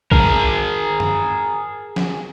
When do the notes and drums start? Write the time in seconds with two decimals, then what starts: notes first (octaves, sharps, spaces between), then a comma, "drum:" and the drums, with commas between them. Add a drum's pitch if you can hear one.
0.11 G#4 A#4, drum: kick
1.00 drum: tom
1.96 drum: snare